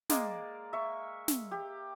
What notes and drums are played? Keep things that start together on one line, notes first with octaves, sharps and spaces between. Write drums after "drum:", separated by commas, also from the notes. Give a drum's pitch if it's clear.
G#3 A#3 D5, drum: snare
E5 C#6
drum: snare
G4